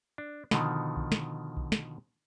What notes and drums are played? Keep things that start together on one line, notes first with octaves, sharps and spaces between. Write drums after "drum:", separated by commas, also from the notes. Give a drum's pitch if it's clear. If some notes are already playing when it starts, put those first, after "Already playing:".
D4
B2 D3 D#3 F3, drum: snare
drum: kick B1
drum: snare
drum: kick B1
drum: snare